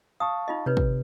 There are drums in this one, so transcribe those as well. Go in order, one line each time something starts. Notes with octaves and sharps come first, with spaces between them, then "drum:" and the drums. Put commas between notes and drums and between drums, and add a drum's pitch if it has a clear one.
F5 A5 C#6 D#6
D#4 F4 D#5
C3 D#4 B4 C#5
drum: kick